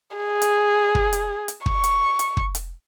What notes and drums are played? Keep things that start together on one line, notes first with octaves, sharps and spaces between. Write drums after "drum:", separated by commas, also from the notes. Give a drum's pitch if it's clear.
G#4
drum: hi-hat
drum: kick
drum: hi-hat
drum: hi-hat
C#6, drum: kick
drum: hi-hat
drum: hi-hat
drum: kick
drum: hi-hat